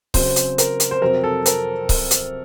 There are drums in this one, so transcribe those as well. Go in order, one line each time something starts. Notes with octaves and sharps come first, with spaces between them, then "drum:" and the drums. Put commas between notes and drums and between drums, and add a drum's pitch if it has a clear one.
C#3 F#3 C4 C5, drum: kick C#1, open hi-hat
drum: hi-hat
A#4, drum: hi-hat
drum: hi-hat
C5
F2 C3 F#3 C4 A#4
A4
A#4, drum: hi-hat
drum: kick C#1, open hi-hat
drum: hi-hat